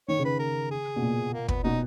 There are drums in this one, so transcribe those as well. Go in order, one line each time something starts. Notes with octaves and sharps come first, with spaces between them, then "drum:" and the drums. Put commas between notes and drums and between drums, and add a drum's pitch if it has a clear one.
D#3 C#5
C#3
B4
A#4
G#4
B2
A#2
A#3
B3, drum: kick
B2 D#4